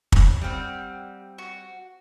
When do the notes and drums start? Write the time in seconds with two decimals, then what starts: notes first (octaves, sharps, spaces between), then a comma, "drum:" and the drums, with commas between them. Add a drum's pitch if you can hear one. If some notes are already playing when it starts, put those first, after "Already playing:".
0.12 C5 C#5, drum: kick
0.42 G3 C4 G4 F5 F#5
1.38 F#4